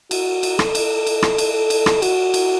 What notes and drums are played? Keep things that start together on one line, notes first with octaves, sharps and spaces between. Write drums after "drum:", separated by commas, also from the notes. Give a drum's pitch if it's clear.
F#4, drum: cymbal
drum: cymbal
A4, drum: rim click
drum: cymbal
drum: cymbal
drum: rim click
drum: cymbal
A4
drum: cymbal
drum: rim click
F#4, drum: cymbal
drum: cymbal